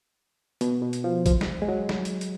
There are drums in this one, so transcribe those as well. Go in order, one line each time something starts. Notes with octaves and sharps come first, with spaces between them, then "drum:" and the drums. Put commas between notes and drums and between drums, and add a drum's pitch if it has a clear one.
B2, drum: hi-hat
B2
drum: hi-hat
F3
F3, drum: kick, hi-hat
drum: snare
G#3
F#3
drum: snare
drum: hi-hat
drum: hi-hat